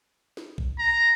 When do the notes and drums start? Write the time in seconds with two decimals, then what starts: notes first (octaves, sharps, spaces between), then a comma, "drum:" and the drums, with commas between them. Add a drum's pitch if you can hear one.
0.37 drum: snare
0.58 drum: kick A#1
0.79 A#5